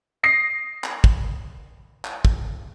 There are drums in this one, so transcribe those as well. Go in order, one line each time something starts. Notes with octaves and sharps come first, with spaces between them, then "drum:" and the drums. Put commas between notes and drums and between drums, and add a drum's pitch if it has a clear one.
D#6 A#6 C7
drum: clap
drum: kick
drum: clap
drum: kick